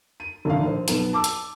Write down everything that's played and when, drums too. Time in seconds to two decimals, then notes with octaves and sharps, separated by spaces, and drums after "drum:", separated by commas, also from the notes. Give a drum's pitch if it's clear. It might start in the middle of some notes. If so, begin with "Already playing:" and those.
0.20 D#7
0.45 A#1 D#2 A2 D#3 D4 F5
0.63 A#1 C5
0.88 B1 B3 E7, drum: hi-hat
1.13 A5 D6 E6
1.24 drum: hi-hat